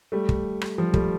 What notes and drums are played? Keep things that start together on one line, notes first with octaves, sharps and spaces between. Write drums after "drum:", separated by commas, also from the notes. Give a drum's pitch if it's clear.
G3 A3
drum: kick
drum: rim click
F3 G3
G3 A3, drum: kick